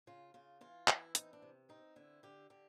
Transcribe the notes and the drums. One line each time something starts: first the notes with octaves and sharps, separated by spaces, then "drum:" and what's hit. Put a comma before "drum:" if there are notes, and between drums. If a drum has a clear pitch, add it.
C#3 F4
C#3 F4
E3 F4
E3 E4, drum: clap
C4 D#4, drum: hi-hat
D4
C3
C4 D#4
D3 E4
D3 G4
D3 G4